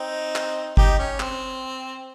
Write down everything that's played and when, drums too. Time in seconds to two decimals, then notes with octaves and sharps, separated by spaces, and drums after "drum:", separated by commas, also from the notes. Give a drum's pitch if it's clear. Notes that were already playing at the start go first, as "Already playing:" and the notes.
Already playing: C4 D#4
0.36 drum: clap
0.77 D#4 G4, drum: kick G1
0.99 C#4
1.20 C4, drum: clap